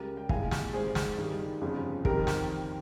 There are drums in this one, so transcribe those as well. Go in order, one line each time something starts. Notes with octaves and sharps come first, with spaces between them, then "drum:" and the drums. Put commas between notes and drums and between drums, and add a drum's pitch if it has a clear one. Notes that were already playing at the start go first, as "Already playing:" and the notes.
Already playing: C#2 C#3 G3 G4 A#4
G5
C2 A#2 G#3 F5 G#5, drum: kick
drum: snare
G#1 G#2 G3 G#4 C5
drum: snare
G#1 G2 D#3 G3
G1 F2 C#3
F2 D#3 G3 G4 A#4, drum: kick
drum: snare